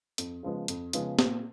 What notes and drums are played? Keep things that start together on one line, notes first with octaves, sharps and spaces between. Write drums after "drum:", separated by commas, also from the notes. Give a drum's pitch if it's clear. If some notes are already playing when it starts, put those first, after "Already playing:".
F2, drum: hi-hat
C#3 F3 G#3 B3
F2, drum: hi-hat
C#3 F3 G#3 B3, drum: hi-hat
A#2, drum: snare